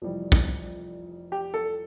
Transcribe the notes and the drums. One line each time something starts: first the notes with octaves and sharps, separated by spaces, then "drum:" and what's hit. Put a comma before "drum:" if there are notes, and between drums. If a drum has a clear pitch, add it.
F1 F2 E3 G3
drum: kick
G4
A4